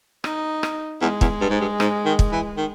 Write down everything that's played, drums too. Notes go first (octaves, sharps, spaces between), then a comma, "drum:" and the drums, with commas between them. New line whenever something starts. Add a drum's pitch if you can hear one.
D#4, drum: rim click
drum: rim click
E2 G#3
E2, drum: kick
G2
G#2
G2
G#2, drum: rim click
D#3
drum: kick
E3
D#3